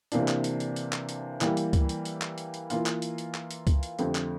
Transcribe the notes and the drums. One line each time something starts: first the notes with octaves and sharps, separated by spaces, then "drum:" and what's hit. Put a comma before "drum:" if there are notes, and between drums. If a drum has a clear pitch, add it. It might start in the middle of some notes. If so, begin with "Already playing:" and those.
C3 E3 A#3 D4, drum: hi-hat
drum: clap
drum: hi-hat
drum: hi-hat
drum: hi-hat
drum: clap
drum: hi-hat
E3 G3 A#3, drum: clap
drum: hi-hat
drum: kick C#2, hi-hat
drum: hi-hat
drum: hi-hat
drum: clap
drum: hi-hat
drum: hi-hat
E3 A#3 F4, drum: hi-hat
drum: clap
drum: hi-hat
drum: hi-hat
drum: clap
drum: hi-hat
drum: kick C#2, hi-hat
drum: hi-hat
F2 D3 A3 C4 G4, drum: hi-hat
drum: clap